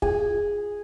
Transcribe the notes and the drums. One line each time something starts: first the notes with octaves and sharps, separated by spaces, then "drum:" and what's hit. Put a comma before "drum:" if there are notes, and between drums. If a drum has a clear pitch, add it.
G#4, drum: kick